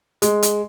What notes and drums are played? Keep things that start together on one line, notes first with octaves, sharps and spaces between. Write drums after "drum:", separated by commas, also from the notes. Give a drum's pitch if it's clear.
G#3, drum: hi-hat
drum: hi-hat